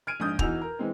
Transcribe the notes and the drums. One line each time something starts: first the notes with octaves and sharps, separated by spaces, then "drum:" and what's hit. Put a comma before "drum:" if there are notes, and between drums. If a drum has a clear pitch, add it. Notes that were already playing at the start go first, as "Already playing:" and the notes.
F6 G#6 D7 D#7
A#1 G#2 D#6 G6
E2 E3 D#4 F#4 E6 F7, drum: kick
A#4
E3 G#3 C4